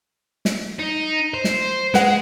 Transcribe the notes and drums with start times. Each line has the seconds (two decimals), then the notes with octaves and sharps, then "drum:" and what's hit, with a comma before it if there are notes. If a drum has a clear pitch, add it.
0.45 drum: snare
0.79 D#4
1.34 C5
1.44 drum: snare
1.94 G#3 B4 F#5, drum: snare